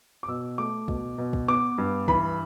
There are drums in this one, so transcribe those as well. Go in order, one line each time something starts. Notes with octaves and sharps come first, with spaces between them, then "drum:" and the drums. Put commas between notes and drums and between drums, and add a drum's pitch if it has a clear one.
D6
B2 E6
A3 D6
B2, drum: kick
B2
drum: kick
B3 D6
G2
E3 B5, drum: kick